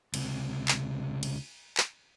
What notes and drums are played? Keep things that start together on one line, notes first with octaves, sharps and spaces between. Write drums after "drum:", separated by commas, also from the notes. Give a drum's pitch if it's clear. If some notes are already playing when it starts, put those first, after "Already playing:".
C#2 C3, drum: cymbal
drum: clap
drum: cymbal
drum: clap